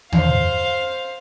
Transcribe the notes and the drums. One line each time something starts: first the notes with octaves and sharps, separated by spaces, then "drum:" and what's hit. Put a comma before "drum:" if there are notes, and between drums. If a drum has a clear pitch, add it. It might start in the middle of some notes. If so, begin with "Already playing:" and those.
E2 C5 F5, drum: tom